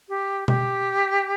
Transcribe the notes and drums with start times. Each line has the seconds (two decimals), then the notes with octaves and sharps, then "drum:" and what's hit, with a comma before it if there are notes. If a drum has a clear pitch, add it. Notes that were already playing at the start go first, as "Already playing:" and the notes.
0.09 G4
0.48 G4, drum: tom B2